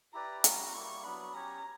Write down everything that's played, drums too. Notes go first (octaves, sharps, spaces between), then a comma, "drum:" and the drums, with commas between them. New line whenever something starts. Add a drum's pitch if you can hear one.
E4 G4 B4 D5 A#5
G3 C#4 F#4 A#5, drum: hi-hat
G3 A#3 E4 C#6
F#3 B3 D4 B5
C#4 G4 C#5 A#5